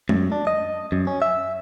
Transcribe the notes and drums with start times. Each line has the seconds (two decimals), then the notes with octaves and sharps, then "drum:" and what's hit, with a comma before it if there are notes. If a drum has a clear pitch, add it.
0.09 F#2, drum: tom G#3
0.32 D4
0.47 D#5
0.92 F#2
1.07 C#4
1.22 E5